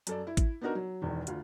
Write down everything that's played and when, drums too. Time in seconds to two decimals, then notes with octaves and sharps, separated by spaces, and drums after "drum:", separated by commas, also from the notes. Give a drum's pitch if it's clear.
0.07 F#2 A4 D5, drum: hi-hat
0.27 E4
0.37 drum: kick A1, hi-hat
0.61 B3 D4 D#4 F#4 A#4
0.75 F#3
1.02 E1 E2 D#3
1.27 D2 F4, drum: hi-hat